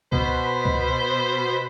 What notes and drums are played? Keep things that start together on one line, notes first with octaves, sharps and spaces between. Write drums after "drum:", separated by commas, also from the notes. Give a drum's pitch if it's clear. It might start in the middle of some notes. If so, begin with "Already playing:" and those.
B2 B4 C5 B5, drum: kick C#2
drum: kick C#2